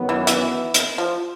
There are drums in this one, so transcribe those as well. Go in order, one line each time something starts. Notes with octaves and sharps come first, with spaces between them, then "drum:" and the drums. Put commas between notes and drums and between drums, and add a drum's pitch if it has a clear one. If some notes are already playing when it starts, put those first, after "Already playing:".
Already playing: F#2 D#3 F#3 B3
E3
E3, drum: hi-hat
drum: hi-hat
F3